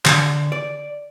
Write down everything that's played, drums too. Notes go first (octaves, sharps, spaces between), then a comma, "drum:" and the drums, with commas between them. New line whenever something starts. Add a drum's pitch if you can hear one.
D3, drum: clap
D5